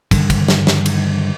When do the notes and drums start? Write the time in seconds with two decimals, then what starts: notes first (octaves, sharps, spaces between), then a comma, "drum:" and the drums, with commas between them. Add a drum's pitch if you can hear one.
0.11 G2 D3 D#3, drum: kick, cymbal
0.30 drum: kick, cymbal
0.48 drum: snare
0.67 drum: snare
0.86 drum: cymbal